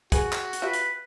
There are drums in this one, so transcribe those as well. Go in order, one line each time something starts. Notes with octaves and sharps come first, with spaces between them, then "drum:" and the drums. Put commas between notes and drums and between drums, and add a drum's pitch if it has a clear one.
F#4 G#4 B4, drum: kick, hi-hat
drum: clap
drum: hi-hat
F4 G4 B4 E5
drum: hi-hat